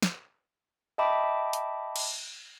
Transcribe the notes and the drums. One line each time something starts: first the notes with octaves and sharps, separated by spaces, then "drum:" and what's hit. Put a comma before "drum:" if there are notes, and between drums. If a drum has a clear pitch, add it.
drum: snare
D#5 E5 G5 A5 B5 D6
drum: hi-hat
drum: cymbal